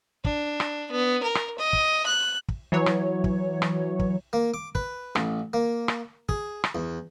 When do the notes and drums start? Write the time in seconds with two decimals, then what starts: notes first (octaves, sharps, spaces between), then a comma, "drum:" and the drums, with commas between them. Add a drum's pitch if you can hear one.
0.25 D4, drum: kick
0.60 drum: rim click
0.91 B3
1.23 A#4
1.35 drum: rim click
1.58 D#5
1.73 drum: kick
2.06 F#6
2.49 drum: kick
2.72 E3 F#3 C#5
2.86 drum: rim click
3.24 drum: kick
3.62 drum: rim click
3.99 drum: kick
4.33 A#3
4.54 D6
4.75 B4, drum: kick
5.15 A1, drum: rim click
5.53 A#3
5.88 drum: rim click
6.29 G#4, drum: kick
6.64 drum: rim click
6.75 E2